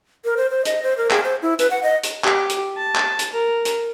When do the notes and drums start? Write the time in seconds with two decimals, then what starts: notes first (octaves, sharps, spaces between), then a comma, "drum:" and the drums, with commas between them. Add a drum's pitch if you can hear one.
0.25 A#4
0.37 C5
0.50 C5
0.65 D#5, drum: hi-hat
0.83 C5
0.98 A#4
1.11 G#4, drum: clap
1.24 C5
1.42 E4
1.59 B4, drum: hi-hat
1.71 F#5
1.83 D#5
2.03 drum: hi-hat
2.25 G4, drum: clap
2.49 drum: hi-hat
2.77 A5
2.96 drum: clap
3.19 drum: hi-hat
3.33 A#4
3.65 drum: hi-hat